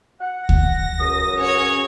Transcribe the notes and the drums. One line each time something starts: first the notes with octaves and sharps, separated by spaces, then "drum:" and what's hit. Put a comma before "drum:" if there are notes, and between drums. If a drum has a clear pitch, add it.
F#5
A#6, drum: kick D2
C#2 F#2 D#6
C#4 F#4 C#5